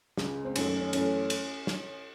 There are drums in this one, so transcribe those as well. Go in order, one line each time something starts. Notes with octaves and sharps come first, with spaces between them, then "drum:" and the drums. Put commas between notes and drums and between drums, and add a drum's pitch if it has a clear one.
C#2 C#3 G#3, drum: snare
C4
F#2 D#3 F#3 A3 C#4, drum: cymbal
C#4
C#4
F#2 E3 A3 C#4, drum: cymbal
drum: cymbal
drum: snare